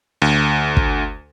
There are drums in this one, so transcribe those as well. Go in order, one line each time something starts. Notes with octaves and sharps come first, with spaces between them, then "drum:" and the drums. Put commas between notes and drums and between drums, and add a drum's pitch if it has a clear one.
D2
drum: kick